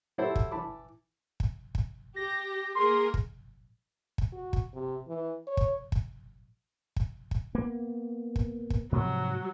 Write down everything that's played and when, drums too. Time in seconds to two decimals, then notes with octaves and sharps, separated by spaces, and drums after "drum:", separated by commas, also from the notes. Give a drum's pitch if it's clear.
0.18 F#3 E4 G4 A4 C5
0.36 drum: kick
0.51 E3 A5 B5 D6
1.40 drum: kick
1.75 drum: kick
2.16 G4 A#6
2.75 A#3 G#4 A#4 C6
3.14 drum: kick
4.18 drum: kick
4.33 F#4
4.53 drum: kick
4.74 C3
5.08 E3
5.47 C#5
5.57 drum: kick
5.92 drum: kick
6.96 drum: kick
7.31 drum: kick
7.55 A#3 B3
8.36 drum: kick
8.70 drum: kick
8.92 G#2 C3 F3 F#3